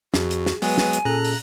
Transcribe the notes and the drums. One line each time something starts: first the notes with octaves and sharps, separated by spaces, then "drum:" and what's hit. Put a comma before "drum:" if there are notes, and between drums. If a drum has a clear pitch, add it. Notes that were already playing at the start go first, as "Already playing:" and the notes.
F2 F#4 G#4, drum: snare
drum: hi-hat
drum: snare
F#3 G#3 B3 B4 G#5, drum: open hi-hat
drum: snare
drum: hi-hat
A#2 C#4 G#4 A4 A#5 F#6
drum: open hi-hat